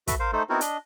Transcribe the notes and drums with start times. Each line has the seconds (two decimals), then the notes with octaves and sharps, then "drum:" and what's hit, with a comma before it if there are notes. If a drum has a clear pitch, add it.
0.07 F#4 A4 B4 E5, drum: kick, hi-hat
0.20 A#4 C5 F5
0.33 A3 D#4 A4 C5
0.49 B3 C4 D#4 E4 F#4 A#4
0.61 D4 D#5, drum: hi-hat